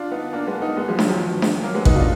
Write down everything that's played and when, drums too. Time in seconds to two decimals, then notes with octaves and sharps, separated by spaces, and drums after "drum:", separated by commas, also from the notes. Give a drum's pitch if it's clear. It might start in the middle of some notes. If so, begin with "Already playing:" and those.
Already playing: D4 F4
0.11 B3 D#4
0.33 A#3 D4
0.47 G#3 B3
0.62 B3 D#4
0.77 G#3 B3
0.88 F3 G#3
0.99 D#3 F#3, drum: snare D4
1.09 F3 G#3
1.42 drum: snare D4
1.63 F#3 A#3
1.75 G#3 B3
1.85 B3 D#4, drum: kick
1.96 D4 F4